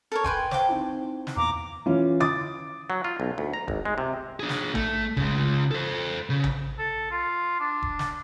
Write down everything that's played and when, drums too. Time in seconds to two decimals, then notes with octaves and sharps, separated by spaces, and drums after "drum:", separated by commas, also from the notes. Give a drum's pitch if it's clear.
0.12 A4 A#4 C#5
0.24 B4 G5 G#5 C6, drum: kick E1
0.51 C5 F5 G5 A5 D6, drum: snare
0.69 C4 D#4 E4
1.27 drum: snare
1.37 E2 A#2 F5 A#5 D6
1.86 E3 C#4 F4
2.20 D6 D#6 A6, drum: tom D3
2.90 F#3
3.04 F4
3.20 B1
3.38 D2
3.53 A#5
3.68 G#1, drum: kick E1
3.85 G#3
3.98 C3
4.40 D4 G#4
4.49 drum: snare
4.75 A3, drum: tom A#1
5.17 C#3 G#3, drum: kick E1
5.71 A4 C5
6.30 C#3
6.44 drum: tom A#1
6.79 A4
7.11 F4
7.60 D4
7.82 drum: kick E1
7.99 drum: snare